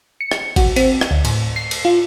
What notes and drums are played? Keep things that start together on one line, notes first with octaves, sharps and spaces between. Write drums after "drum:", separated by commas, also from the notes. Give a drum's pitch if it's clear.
C#7
drum: rim click
F#4, drum: kick G#1, cymbal
C4, drum: cymbal
drum: rim click
D2
A2, drum: cymbal
C7
drum: cymbal
F4